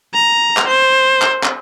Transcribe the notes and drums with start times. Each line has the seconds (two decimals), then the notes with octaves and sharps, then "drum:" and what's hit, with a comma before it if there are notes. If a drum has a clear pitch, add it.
0.14 A#5
0.57 drum: clap
0.68 C5
1.22 drum: clap
1.44 drum: clap